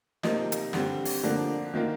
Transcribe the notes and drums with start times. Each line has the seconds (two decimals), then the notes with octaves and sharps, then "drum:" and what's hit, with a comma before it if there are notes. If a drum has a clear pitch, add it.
0.23 C3 F3 A#3 D#4, drum: snare
0.52 drum: hi-hat
0.73 D3 G3 C4, drum: snare
1.05 drum: open hi-hat
1.23 D3 F3 A#3 D4
1.74 D#3 A#3 F4